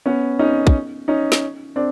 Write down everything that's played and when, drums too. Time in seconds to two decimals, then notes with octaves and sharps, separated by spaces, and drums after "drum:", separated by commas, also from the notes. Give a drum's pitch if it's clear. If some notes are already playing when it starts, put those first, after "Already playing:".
0.06 B3 C#4
0.39 C#4 D#4
0.67 drum: kick
1.08 C#4 D#4
1.32 drum: snare
1.76 C4 D4